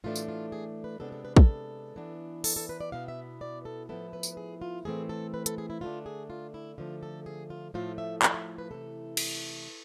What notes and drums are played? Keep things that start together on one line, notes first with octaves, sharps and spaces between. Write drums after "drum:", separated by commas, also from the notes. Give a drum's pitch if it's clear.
A2 E3 A3 D4 F4
drum: tambourine
F4
G#4
B4
C3 G#3 B3 D4 A4
A4
B4
A4, drum: kick
E3 B3 D4
A4, drum: open hi-hat
A4
B4
D5
B2 B3 E4 F5
E5
D5
A4
A2 F3 B3 E4 A4
B4
drum: tambourine
G#4
F4
A2 E3 A3 C4 G#4
A4
B4
A4, drum: hi-hat
G#4
E4
D3 A3 D4 F4
G#4
F4
E4
D3 F3 A3 F4
A4
G#4
F4
A2 F3 A3 F4
E5
D5, drum: clap
E5
B4
C3 E3 A3 A4
drum: cymbal